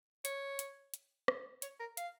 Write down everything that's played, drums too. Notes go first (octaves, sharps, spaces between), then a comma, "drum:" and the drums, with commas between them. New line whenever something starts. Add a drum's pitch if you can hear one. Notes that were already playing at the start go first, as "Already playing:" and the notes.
C#5, drum: hi-hat
drum: hi-hat
drum: hi-hat
drum: rim click
C#5, drum: hi-hat
A#4
F5, drum: hi-hat